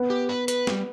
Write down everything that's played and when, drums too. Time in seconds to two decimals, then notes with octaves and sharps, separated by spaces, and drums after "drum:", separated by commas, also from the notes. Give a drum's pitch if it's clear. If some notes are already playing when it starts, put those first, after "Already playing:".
Already playing: B3
0.10 G4
0.29 B4
0.48 B4, drum: hi-hat
0.67 G3, drum: snare